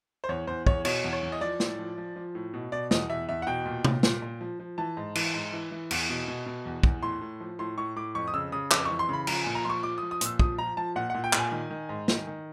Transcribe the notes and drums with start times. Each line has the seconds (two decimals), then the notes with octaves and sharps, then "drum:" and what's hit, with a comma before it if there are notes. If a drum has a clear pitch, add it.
0.24 C5
0.29 E2 C#5
0.47 E2 C5
0.67 E2 C#5, drum: kick
0.85 B2 C#5, drum: cymbal
1.04 E2
1.13 C#5
1.22 E2
1.32 D#5
1.41 F3 D5
1.60 A2, drum: snare
1.79 F3
1.98 F3
2.16 F3
2.35 A2
2.54 B2
2.72 B2 D5
2.91 E2 D#5, drum: snare
3.09 E2 E5
3.28 E2 E5
3.42 F#5
3.47 B2 G5
3.66 A#2
3.85 A#2, drum: tom
4.03 A#2, drum: snare
4.22 A#2
4.41 F3
4.60 F3
4.78 E3 A5
4.97 G#2
5.15 E3, drum: cymbal
5.34 G#2
5.53 E3
5.71 E3
5.91 E2, drum: cymbal
6.10 B2
6.28 B2
6.46 B2
6.66 E2
6.83 E2, drum: kick
7.03 A2 C6
7.21 A2
7.40 F3
7.59 A2 C6
7.78 A2 C#6
7.96 A2 D6
8.15 F2 C#6
8.28 D#6
8.34 C#3 E6
8.52 C#3 D#6
8.71 F2 D6, drum: clap
8.85 C#6
8.90 E3
8.99 C6
9.09 C#3 B5
9.27 F3 A#5, drum: cymbal
9.41 A#2 G#5
9.55 A#5
9.65 F3 C6 C#6
9.83 F3 D6
9.98 D#6
10.03 F3
10.11 D#6
10.21 A#2 E6, drum: hi-hat
10.39 F3 D#6, drum: kick
10.58 F3 A#5
10.77 F3 A5
10.96 A#2 F#5
11.10 A#2 F#5
11.24 G5
11.33 A#2 G#5, drum: clap
11.52 D#3
11.71 D#3
11.89 G#2
12.08 D#3, drum: snare
12.27 D#3